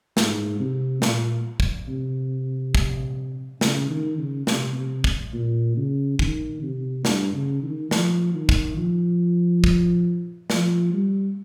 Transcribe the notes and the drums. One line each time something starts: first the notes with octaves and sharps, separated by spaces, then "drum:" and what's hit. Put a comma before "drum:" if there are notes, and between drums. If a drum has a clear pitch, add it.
G#2, drum: snare
C3
A#2, drum: snare
drum: kick
C3
drum: kick
C#3, drum: snare
D#3
C#3
C3, drum: snare
C3
drum: kick
A#2
C#3
D#3, drum: kick
C3
G2, drum: snare
C#3
D#3
F3, drum: snare
D#3
drum: kick
F3
drum: kick
F3, drum: snare
G3